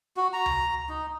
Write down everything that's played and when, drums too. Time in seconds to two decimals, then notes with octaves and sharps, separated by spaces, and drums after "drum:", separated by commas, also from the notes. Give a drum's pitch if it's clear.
0.17 F#4
0.33 A#5
0.46 drum: tom C#2
0.89 D#4